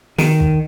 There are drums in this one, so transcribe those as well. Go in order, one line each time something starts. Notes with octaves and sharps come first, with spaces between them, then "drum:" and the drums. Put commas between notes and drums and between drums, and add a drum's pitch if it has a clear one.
D#3, drum: snare
drum: kick